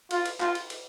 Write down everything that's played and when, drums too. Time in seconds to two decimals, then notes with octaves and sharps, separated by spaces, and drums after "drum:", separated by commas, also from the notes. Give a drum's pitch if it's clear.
0.11 F4, drum: cymbal
0.26 drum: cymbal
0.40 F4, drum: clap
0.55 drum: cymbal
0.70 drum: cymbal